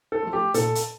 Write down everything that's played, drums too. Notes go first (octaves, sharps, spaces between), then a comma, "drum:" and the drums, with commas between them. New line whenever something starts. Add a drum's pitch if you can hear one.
A4
F3 A3
G4
A#2 A4, drum: hi-hat
drum: hi-hat